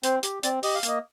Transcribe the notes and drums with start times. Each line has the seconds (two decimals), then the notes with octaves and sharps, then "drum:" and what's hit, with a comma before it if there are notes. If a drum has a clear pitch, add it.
0.03 C4 C5, drum: hi-hat
0.23 G4, drum: hi-hat
0.43 C4 D5, drum: hi-hat
0.63 G4 D#5, drum: open hi-hat
0.75 F5
0.83 A#3 D#5, drum: hi-hat